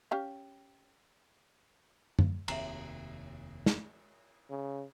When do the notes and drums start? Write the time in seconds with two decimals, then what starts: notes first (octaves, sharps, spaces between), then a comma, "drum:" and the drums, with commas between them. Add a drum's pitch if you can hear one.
0.11 C#4 G4 F5
2.19 drum: tom F#2
2.48 F1 D#2 C3 E5 A#5, drum: cymbal
3.66 drum: snare
4.50 C#3